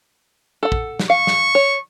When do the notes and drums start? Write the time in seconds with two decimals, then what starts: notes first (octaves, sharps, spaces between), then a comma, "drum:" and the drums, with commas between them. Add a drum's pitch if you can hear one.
0.63 A4 F#5
0.72 drum: kick
0.99 drum: snare
1.10 F5 C#6
1.27 drum: snare
1.55 C#5